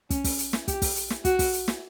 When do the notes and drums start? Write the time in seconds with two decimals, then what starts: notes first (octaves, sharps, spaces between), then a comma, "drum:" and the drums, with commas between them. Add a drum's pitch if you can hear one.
0.10 C#4, drum: kick, hi-hat
0.24 drum: kick, open hi-hat
0.39 drum: hi-hat
0.53 drum: snare
0.68 G4, drum: kick, hi-hat
0.82 drum: kick, open hi-hat
0.96 drum: hi-hat
1.10 drum: snare
1.25 F#4, drum: kick, hi-hat
1.39 drum: kick, open hi-hat
1.53 drum: hi-hat
1.68 drum: snare